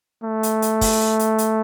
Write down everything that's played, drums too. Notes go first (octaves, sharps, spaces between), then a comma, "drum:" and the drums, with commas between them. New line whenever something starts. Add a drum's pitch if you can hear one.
A3
drum: hi-hat
drum: hi-hat
drum: kick, open hi-hat
drum: hi-hat
drum: hi-hat